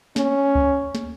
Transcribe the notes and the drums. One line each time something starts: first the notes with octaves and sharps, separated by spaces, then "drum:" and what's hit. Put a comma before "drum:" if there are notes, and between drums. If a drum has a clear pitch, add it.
C#4, drum: snare
drum: kick C#2
drum: snare